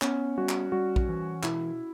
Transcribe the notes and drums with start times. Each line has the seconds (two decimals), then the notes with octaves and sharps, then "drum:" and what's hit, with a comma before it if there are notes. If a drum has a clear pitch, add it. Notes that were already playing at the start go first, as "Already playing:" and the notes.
0.02 B3 C#4, drum: clap
0.38 G3 F#4
0.49 drum: clap
0.72 G3 F#4
0.96 drum: kick A#1
1.09 E3
1.43 B2 E4, drum: clap